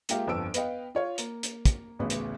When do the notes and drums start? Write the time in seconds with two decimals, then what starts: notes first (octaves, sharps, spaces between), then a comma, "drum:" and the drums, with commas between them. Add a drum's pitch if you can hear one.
0.09 G#3 A#3 F4 G4 E5 F5, drum: hi-hat
0.27 G1 F2 B4 E6 D7
0.54 B3 B4 D#5 F5 G5, drum: hi-hat
0.95 F4 C#5 F5
1.18 A#3, drum: hi-hat
1.43 drum: hi-hat
1.65 drum: kick, hi-hat
1.99 A1 D2 C#3 B3
2.10 drum: hi-hat